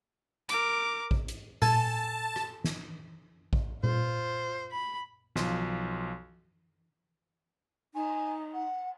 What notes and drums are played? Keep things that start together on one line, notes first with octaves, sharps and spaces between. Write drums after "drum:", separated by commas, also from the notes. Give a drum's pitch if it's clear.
A#4 D6, drum: hi-hat
drum: kick A1
drum: hi-hat
A4 G#5 A5, drum: tom A#2
drum: rim click
drum: snare
drum: kick A1
F4 C5, drum: tom A#2
B5
B1 F3 C6, drum: snare
D#4 G#5, drum: cymbal
F#5